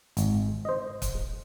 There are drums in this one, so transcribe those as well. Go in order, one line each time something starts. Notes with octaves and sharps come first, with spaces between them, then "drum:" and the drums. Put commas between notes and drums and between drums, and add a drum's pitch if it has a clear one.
G#1, drum: hi-hat
C5 D#5
drum: kick, hi-hat